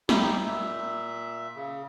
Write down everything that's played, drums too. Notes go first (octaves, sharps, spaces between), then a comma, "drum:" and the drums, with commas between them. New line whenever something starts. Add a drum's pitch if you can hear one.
D#4 E4 G4, drum: snare
A#2 E5
C#3